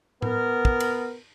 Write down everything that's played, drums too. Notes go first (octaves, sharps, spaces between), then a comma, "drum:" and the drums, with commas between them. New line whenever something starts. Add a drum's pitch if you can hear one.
B3 A#4, drum: tom A2
drum: kick
drum: cymbal